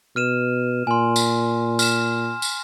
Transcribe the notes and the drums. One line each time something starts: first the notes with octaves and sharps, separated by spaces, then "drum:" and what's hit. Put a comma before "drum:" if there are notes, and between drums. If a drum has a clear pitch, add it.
B2 F6 D#7 E7
A#2 G#5 C6
drum: tambourine
F6 E7, drum: tambourine
drum: tambourine